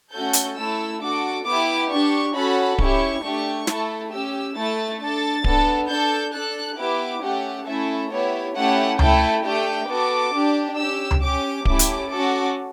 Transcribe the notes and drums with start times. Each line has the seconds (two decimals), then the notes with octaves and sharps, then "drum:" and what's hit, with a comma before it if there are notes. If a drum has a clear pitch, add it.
0.12 A3 C#4 F#4 A4 G6
0.33 drum: hi-hat
0.57 A3 E4 A4 E6
1.01 D4 F#4 A4 D6
1.45 B3 E4 G4 D6
1.90 D4 G4 C#6
2.34 C#4 F#4 A4 B5
2.78 C#4 E4 G4 C#6, drum: kick D1
3.23 A3 D4 G4
3.67 A3 E4 A4, drum: snare
4.12 C#4 G4 E6
4.56 A3 E4 A4 A6
5.00 D4 A4 A6
5.44 B3 D4 A4, drum: kick D1
5.88 D4 A4 G6
6.33 D4 A4 F#6
6.77 B3 E4 G4 D6
7.22 A3 C#4 G4 F#5
7.66 A3 C#4 E4 A4 E5
8.10 B3 E4 G4 C#5
8.55 A3 C#4 E4 G4 F#5
8.99 A3 E4 A4 G5, drum: tom C#2
9.43 A3 D4 G4 G5
9.88 B3 F#4 A4 D6
10.33 D4 G4
10.77 C#4 G4 E6
11.11 drum: tom C#2
11.21 C#4 G4 D6
11.65 A3 C#4 E4 G4 D6, drum: kick D1
11.79 drum: hi-hat
12.10 C#4 F#4 A4 D6